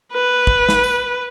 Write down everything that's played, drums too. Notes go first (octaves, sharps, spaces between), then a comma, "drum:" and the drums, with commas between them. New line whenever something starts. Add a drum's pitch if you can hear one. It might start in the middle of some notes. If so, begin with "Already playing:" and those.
B4
drum: kick
drum: snare
drum: tambourine